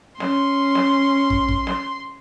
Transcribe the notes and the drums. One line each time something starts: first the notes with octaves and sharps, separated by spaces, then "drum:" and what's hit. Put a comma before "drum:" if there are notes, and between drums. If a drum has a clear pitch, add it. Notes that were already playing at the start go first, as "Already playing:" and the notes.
C#4 C6, drum: snare
drum: snare
drum: kick
drum: kick
drum: snare